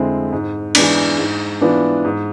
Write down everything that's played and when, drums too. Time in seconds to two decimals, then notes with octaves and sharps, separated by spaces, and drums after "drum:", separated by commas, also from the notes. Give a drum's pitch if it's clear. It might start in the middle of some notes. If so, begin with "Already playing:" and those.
Already playing: F2 D3 G#3 C4 E4
0.33 G#2
0.75 E3 G#3 B3 D4, drum: cymbal
1.18 G#2
1.61 E3 B3 D4 F4
2.05 G#2